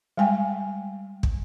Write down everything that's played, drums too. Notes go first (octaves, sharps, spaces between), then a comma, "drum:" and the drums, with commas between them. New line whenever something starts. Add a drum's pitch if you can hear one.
G3 G#3 G5 G#5
drum: kick